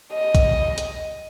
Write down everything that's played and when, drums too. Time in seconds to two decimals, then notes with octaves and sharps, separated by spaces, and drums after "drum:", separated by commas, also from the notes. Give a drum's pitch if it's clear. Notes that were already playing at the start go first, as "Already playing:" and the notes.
0.13 D#5
0.35 drum: kick A#1, hi-hat
0.78 drum: hi-hat